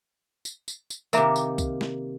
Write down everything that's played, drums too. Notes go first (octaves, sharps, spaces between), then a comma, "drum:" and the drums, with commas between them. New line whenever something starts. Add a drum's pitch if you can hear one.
drum: tambourine
drum: tambourine
drum: tambourine
C3 D#3 A#3 A#4 E5 A#5, drum: tambourine
drum: tambourine
drum: kick C2, tambourine
drum: snare